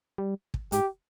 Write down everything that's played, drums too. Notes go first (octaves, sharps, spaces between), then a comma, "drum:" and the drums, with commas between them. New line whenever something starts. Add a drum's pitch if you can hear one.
G3
drum: kick
G#2 G4, drum: hi-hat